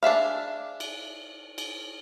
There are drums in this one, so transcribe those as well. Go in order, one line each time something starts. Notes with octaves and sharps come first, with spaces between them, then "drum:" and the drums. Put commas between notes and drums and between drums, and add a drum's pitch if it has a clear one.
D4 G#4 E5 F5
drum: cymbal
drum: cymbal